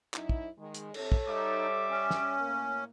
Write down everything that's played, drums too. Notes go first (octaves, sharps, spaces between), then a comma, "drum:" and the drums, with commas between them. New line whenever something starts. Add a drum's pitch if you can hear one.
F#2 D#4 E4, drum: clap
drum: kick
D#3 G#3
drum: hi-hat
C3 A4 C#5, drum: cymbal
drum: kick
G3 D#4 E5 D6
C#4
drum: snare
A2 A#3